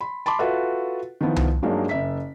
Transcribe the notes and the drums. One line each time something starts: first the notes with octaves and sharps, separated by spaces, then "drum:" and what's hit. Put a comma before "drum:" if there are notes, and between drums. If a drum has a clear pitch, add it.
B5 C6
A5 B5 C6 D6
F4 F#4 A4 B4 E5
D#3 F3 B3 E4
drum: tom C2
G2 F#3 G#3 A#3 D4 D#4
F#1 E5 B6